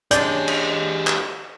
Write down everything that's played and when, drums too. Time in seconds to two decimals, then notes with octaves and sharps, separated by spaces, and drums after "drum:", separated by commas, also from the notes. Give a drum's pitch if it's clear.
0.11 G#3 C#4 D4 G4 D5 D#5 G#5 G6, drum: hi-hat
0.48 drum: cymbal
1.07 drum: clap